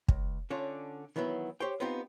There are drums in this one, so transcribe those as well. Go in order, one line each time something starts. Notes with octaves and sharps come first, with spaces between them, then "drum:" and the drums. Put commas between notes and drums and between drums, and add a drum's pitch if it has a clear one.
C#2, drum: kick
D3 C#4 D4 F4
D#3 E3 F#3 B3 E4
G4 C5 C#5 G5
B3 C4 D#4 F4 G4